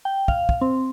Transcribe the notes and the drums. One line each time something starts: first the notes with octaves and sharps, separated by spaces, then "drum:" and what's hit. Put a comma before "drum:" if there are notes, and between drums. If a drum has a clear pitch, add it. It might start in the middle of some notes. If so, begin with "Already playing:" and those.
G5
F5, drum: kick
drum: kick
C4